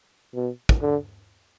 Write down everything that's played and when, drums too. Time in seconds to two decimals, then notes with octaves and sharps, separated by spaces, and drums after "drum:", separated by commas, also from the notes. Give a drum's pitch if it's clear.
0.35 B2
0.69 drum: kick
0.82 D3